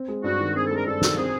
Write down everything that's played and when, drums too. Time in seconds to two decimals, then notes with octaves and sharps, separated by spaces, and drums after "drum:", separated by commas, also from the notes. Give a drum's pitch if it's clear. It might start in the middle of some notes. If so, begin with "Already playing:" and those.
Already playing: C4
0.08 G#3
0.24 G2 F#4
0.40 D#3
0.55 C4 G#4
0.66 A4
0.71 G#3 A#4
0.86 G2 A4
1.02 D#3, drum: snare
1.18 C4 G#4